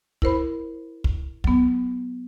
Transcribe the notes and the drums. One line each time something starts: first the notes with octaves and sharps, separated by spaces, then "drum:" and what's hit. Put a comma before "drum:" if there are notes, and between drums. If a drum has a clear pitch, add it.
E4 A#4 C5 B5, drum: kick
drum: kick
F#3 B3, drum: kick